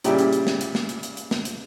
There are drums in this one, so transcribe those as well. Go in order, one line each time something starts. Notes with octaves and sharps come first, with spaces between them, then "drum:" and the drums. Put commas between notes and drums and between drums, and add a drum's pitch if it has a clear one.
A#2 C#3 G3 E4 G4, drum: hi-hat
drum: hi-hat
drum: hi-hat
drum: snare
drum: hi-hat
drum: snare
drum: hi-hat
drum: hi-hat
drum: hi-hat
drum: snare
drum: hi-hat